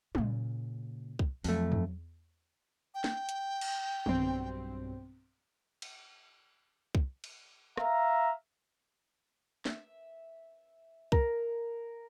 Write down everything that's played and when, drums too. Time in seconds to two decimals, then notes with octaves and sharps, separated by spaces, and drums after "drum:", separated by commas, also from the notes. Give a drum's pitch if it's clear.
0.15 A#2 C#3, drum: tom
1.19 drum: kick C2
1.44 F2 F#3 A3, drum: open hi-hat
1.72 drum: tom
2.95 G5
3.04 drum: snare
3.29 drum: hi-hat
3.61 drum: cymbal
4.06 B1 G2 C4, drum: tom
5.82 drum: cymbal
6.95 drum: kick C2
7.24 drum: cymbal
7.77 E5 F5 A#5, drum: rim click
9.65 E5, drum: snare
11.12 A#4, drum: kick C2